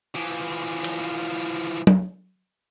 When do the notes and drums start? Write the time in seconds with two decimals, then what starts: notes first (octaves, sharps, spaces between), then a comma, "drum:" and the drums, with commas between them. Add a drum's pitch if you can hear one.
0.15 E3 F3
0.84 drum: cymbal
1.39 drum: tambourine
1.87 drum: tom F#3